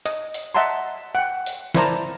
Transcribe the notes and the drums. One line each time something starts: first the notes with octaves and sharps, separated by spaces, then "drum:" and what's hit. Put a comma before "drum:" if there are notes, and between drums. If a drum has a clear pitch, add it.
D#5, drum: hi-hat
drum: open hi-hat
D#5 E5 F#5 A5 A#5 C6
F#5 G5
drum: open hi-hat
E4 A#4 C5 D5 A5 A#5, drum: snare